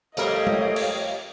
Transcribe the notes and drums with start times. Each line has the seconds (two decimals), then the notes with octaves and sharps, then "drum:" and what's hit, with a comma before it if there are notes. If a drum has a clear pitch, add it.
0.17 F2 G3 A3 G4 A#4 C#5 D#5 F5, drum: hi-hat
0.47 drum: tom
0.76 drum: cymbal